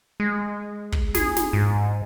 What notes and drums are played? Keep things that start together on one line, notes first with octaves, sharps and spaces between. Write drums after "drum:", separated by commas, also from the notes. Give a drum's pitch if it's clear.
G#3
drum: kick
G#4, drum: snare
drum: snare
G#2